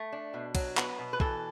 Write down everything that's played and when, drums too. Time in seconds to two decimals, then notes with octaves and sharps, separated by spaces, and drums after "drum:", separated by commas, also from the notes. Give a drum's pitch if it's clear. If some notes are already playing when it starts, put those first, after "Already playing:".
Already playing: A3
0.12 D4
0.34 B2
0.55 F#3, drum: kick, cymbal
0.77 B3, drum: clap
0.99 B2
1.13 B4
1.20 E3 A4, drum: kick